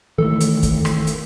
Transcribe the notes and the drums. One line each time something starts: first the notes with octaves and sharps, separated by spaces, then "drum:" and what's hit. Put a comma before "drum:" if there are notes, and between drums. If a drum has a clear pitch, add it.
D#3 E3 A3 A4
drum: hi-hat
drum: kick, hi-hat
drum: rim click
drum: hi-hat